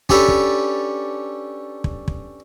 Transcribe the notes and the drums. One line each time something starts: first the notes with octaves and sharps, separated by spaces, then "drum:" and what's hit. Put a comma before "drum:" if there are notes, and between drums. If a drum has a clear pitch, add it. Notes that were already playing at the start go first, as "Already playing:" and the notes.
C#4 D4 G4 A4 B4 C#5, drum: kick
drum: kick
drum: kick
drum: kick